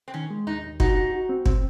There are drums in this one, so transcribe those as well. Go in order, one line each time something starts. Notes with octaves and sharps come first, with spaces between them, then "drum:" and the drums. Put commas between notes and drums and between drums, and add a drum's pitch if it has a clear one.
C4
D#3 C#4
G#3
D#2 D#4
D#2
D#4 F#4, drum: kick
F#4
F#4
C4
C4, drum: kick